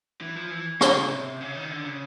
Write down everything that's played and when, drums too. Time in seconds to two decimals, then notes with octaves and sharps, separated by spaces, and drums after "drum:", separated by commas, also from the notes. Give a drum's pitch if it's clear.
0.21 E3
0.36 F3
0.51 E3
0.81 D3, drum: rim click
0.96 C#3
1.10 C3
1.41 C#3
1.55 D#3
1.70 D3
1.86 C#3